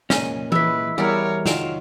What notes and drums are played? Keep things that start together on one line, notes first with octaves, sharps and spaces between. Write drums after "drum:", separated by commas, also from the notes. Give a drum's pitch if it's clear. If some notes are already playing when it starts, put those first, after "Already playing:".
A#2 C#4 D#5, drum: snare
G#3 E4 B4 E6 B6, drum: tom E3
E2 G3 E4 A#4 C#5 D5 F#5
D#3 F#3 F4 D7 E7 F7, drum: snare